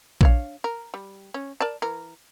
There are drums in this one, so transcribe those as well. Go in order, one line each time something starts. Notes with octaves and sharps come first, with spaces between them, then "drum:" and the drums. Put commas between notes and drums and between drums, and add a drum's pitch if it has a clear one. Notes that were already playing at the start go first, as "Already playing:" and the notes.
D4 C#5 F5, drum: kick A#1
A#4
G3
C#4
A#4 D5 A5
E3 A#4